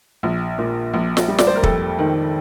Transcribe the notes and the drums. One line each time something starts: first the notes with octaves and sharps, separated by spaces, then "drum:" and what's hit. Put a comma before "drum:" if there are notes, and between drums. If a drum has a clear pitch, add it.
A#1
A#2
A#1
drum: snare
G3
D5, drum: snare
C5
A#4
F2 A4, drum: kick
D#3